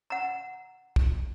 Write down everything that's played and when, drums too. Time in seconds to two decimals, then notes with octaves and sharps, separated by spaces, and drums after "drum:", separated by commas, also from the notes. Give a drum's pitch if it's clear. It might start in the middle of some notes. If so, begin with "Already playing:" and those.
0.10 F#5 A#5
0.96 drum: kick